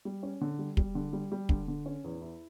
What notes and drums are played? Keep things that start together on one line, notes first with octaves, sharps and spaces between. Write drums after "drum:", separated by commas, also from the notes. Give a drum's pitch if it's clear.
G3
C#4
D3
G3
G3, drum: kick
D3
G3
G3
D3, drum: kick
D3
C#4
E2
E4